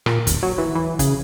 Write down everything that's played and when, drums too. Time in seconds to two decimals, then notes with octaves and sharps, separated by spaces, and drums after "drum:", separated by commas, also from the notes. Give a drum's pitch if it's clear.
0.06 A#2, drum: rim click
0.27 D#1, drum: kick, hi-hat
0.43 F#3
0.58 E3
0.75 E3
0.99 C#3, drum: kick, hi-hat